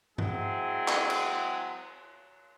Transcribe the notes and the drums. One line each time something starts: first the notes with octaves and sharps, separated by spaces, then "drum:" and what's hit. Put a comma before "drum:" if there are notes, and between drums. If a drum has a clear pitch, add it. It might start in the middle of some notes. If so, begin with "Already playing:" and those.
F#3 G#3 C4 E4 G#4, drum: tom G2
drum: clap
drum: cymbal